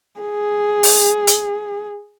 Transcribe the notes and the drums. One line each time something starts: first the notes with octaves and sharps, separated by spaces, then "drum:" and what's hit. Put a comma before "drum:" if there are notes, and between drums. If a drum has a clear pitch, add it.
G#4
drum: open hi-hat
drum: hi-hat